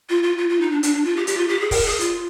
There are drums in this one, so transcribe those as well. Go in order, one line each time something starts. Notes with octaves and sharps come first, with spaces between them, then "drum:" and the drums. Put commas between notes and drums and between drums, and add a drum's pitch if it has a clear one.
F4
F4
F4
F4
D#4
D4
D4, drum: hi-hat
D4
F4
G4
G4, drum: hi-hat
F4
G4
G#4
A#4, drum: kick, open hi-hat
G#4
F4, drum: hi-hat